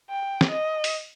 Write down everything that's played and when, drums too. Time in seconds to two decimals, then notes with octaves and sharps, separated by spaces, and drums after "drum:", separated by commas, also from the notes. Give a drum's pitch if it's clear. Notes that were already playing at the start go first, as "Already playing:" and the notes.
0.10 G5
0.41 drum: snare
0.51 D#5
0.84 drum: open hi-hat